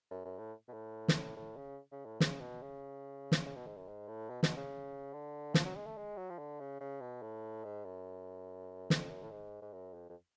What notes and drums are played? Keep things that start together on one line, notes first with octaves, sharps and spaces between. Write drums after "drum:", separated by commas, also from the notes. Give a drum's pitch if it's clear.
F#2
F#2
A2
B2
A2
drum: snare
A2
C#3
C#3
A2
C#3, drum: snare
B2
C#3
drum: snare
C#3
B2
G#2
F#2
G#2
A2
B2
B2, drum: snare
C#3
D3
F3, drum: snare
F#3
G#3
A3
G#3
F#3
F3
D3
C#3
C#3
B2
A2
G#2
F#2
F2, drum: snare
F#2
A2
G#2
G#2
F#2
F2
F2